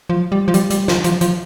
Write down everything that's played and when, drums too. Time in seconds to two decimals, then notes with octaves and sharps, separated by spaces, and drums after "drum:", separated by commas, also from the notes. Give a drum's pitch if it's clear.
0.10 F3
0.32 G3
0.48 F3
0.54 G3, drum: hi-hat
0.71 G3, drum: hi-hat
0.88 F3, drum: snare
1.04 F3, drum: hi-hat
1.21 F3, drum: hi-hat